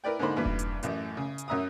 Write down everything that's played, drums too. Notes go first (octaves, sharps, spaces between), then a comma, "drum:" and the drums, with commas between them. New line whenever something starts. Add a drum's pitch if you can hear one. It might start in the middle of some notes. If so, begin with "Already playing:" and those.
E4 A#4 B4 D5 G5
G#2 D3 A#3 D#4 C5 B5
A1 G2 A#2 B4
drum: kick E1
drum: hi-hat
A1 F#2 A2, drum: hi-hat
C#3
drum: hi-hat
F#2 C#4 E5 A#5 D#6